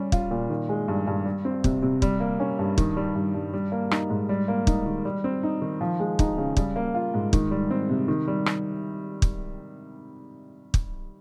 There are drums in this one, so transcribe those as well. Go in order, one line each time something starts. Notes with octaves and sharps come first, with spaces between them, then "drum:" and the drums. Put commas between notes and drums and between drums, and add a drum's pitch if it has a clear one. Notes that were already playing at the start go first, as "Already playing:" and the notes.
Already playing: G3 C#4
F4, drum: kick
A#2
D#3
G#3
G2
G2
G3
C4
C3, drum: kick
C3
G3, drum: kick
A#3
C#4
G2
D#3, drum: kick
G3
G2
G2
G3
A#3
D#4, drum: rim click
G#2
G3
A#3
D#4, drum: kick
D#3
G3
C4
D#4
D#3
F3
G#3
D#4, drum: kick
C#3
G3, drum: kick
A#3
F4
G#2
D#3, drum: kick
G3
C4
C3
D#3
G3
drum: rim click
drum: kick
drum: kick